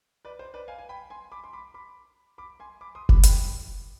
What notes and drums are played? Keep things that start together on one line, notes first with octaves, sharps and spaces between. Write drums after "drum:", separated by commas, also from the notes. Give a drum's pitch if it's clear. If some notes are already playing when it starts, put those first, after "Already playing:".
B4 D5
C5
B4 D5
F5 G#5
G#5
G5 B5
G#5 C6
B5 D6
C6
B5 D6
B5 D6
B5 D6
G#5 C6
B5 D6
C6 D#6
B5 D6, drum: kick F1
G5 B5, drum: hi-hat